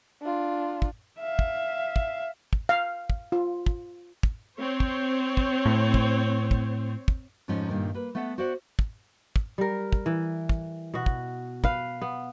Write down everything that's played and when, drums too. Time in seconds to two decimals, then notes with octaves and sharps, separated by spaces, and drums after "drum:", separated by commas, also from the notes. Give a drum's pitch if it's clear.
0.22 D4 F4
0.82 drum: kick
1.19 E5 F5
1.39 drum: kick
1.96 drum: kick
2.53 drum: kick
2.69 F5
3.10 drum: kick
3.32 F4
3.66 drum: kick
4.23 drum: kick
4.57 C4 C5 C#5
4.80 drum: kick
5.37 drum: kick
5.66 A2
5.94 drum: kick
6.51 drum: kick
7.08 drum: kick
7.48 F2 G#2 F3 A3 C#4 D#4
7.69 G2 A#2 D#3
7.94 A#3 B4
8.15 A3 B3 A4 E5 F#5
8.38 F#4 C5 D5 E5 F#5
8.79 drum: kick
9.36 drum: kick
9.58 G3 A#4
9.93 drum: kick
10.06 E3
10.49 drum: kick
10.94 B2 F#4
11.06 drum: kick
11.64 B4 F5, drum: kick
12.02 B3